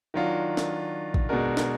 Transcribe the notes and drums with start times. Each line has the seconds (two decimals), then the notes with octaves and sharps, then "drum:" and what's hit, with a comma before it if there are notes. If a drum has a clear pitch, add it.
0.14 D#3 F#3 D4 F4
0.57 drum: snare
1.14 drum: kick A1
1.29 B2 G#3 D4 F#4 A#4
1.57 drum: snare